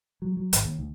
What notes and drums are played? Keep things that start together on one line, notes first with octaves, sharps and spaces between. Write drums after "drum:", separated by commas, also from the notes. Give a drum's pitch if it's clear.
F#3
F#3
G#1, drum: hi-hat
D#2
D2